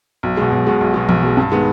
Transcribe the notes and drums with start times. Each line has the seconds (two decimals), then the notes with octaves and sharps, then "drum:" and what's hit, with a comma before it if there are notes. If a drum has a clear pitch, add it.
0.23 B1
0.37 B2 G#3
0.52 B1
0.67 B2 G#3
0.81 B1
0.94 B2 G#3
1.09 B1, drum: tom E3
1.23 B2 G#3
1.37 G2
1.52 D#3 G#3 B3